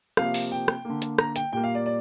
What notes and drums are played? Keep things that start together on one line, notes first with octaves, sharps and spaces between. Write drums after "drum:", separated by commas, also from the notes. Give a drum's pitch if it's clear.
C3 F3 A#3 F5, drum: rim click
drum: open hi-hat
G5
drum: rim click
D3 A#3
drum: hi-hat
A#5, drum: rim click
G5, drum: hi-hat
A#2 G3 A#3 G5
F5
D5
D5